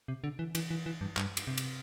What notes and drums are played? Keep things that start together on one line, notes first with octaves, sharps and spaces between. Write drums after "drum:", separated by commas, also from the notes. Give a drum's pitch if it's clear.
C3
D3
E3
E3, drum: cymbal
E3
E3
G2
G2, drum: clap
drum: cymbal
C3
drum: cymbal